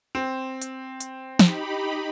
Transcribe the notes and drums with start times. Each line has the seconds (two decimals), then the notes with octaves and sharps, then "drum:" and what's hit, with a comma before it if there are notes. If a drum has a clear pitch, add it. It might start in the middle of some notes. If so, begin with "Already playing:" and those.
0.15 C4
0.62 drum: hi-hat
1.00 drum: hi-hat
1.39 D#4 G4 B5, drum: snare